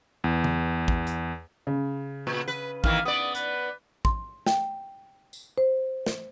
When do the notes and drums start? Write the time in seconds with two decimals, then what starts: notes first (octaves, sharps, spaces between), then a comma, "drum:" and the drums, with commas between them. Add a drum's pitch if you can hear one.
0.24 E2
0.44 drum: tom C#3
0.88 drum: kick
1.07 drum: hi-hat
1.67 C#3
2.27 A#2
2.48 B4
2.84 D#3 E3 A#3 F5, drum: kick
3.05 B3 D5 D#6
3.35 B4, drum: hi-hat
4.05 C6, drum: kick
4.47 G5, drum: snare
5.33 drum: tambourine
5.58 C5
6.06 drum: snare